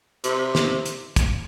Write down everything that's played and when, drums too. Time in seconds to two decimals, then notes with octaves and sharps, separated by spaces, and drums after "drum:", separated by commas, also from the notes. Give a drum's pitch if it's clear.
0.24 C3, drum: hi-hat
0.55 drum: snare
0.86 drum: hi-hat
1.16 drum: kick, hi-hat